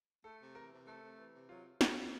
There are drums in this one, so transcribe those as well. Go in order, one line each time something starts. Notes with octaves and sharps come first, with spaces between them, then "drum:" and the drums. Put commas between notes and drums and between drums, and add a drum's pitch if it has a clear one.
A3 A4
C3
E3 A#4
C3
A3 A4
C3
E3
C3
F#3 F4
drum: snare